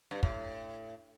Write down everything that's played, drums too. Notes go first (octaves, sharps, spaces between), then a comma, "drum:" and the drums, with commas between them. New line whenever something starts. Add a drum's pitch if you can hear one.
G2
A2, drum: kick